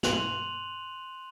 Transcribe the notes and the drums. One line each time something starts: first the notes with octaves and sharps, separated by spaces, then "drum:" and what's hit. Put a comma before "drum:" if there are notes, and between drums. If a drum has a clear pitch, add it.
C6 F#6 D#7 F7 F#7, drum: snare